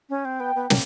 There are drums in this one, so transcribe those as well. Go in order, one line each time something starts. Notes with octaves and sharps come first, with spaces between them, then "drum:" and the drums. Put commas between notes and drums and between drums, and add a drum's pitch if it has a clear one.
C#4
C4
B3 G5
B3
A#3, drum: snare